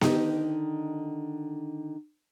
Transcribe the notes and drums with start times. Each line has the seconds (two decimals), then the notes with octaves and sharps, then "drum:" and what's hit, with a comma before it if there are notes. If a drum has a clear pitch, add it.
0.01 D3 D#3 D#4 G4, drum: snare B3